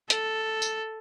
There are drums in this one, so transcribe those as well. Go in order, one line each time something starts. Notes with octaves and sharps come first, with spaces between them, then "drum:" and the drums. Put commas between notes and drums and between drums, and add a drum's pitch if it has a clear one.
A4, drum: hi-hat
drum: tambourine